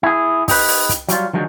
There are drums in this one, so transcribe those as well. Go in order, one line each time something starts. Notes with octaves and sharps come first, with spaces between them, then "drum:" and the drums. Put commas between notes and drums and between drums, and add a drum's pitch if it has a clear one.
E4 G#4
D#4 G4 B4, drum: kick, open hi-hat
drum: open hi-hat
drum: kick, hi-hat
F#3 G3 F4, drum: hi-hat
D3 D#3 F3 F#3 G#3